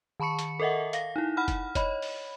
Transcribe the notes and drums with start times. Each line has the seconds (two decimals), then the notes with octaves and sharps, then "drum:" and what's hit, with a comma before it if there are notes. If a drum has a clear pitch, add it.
0.20 D#3 A5 B5 C#6 C#7
0.39 drum: hi-hat
0.60 A4 A#4 D#5 E5 F#5
0.93 F5 A#6, drum: hi-hat
1.16 D#4 E4
1.37 F#5 B5 F6
1.48 drum: kick, hi-hat
1.75 C#5 D#5 B5, drum: kick, hi-hat
2.02 drum: open hi-hat